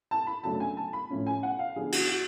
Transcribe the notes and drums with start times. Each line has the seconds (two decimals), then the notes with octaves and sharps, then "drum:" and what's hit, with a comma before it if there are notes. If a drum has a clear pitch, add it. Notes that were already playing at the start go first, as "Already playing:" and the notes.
0.11 A5
0.27 B5
0.44 F#2 C#3 F#3 A3 D4 A5
0.60 G#5
0.77 A5
0.93 B5
1.10 A2 F3 A3 C#4
1.27 G#5
1.43 F#5
1.59 F5
1.76 D3 F3 B3 D4 G#4
1.92 F#4, drum: cymbal
2.09 F#4